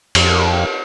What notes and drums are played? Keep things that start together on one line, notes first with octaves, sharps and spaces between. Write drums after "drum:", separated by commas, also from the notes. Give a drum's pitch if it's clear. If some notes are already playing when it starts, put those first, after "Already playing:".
F2, drum: cymbal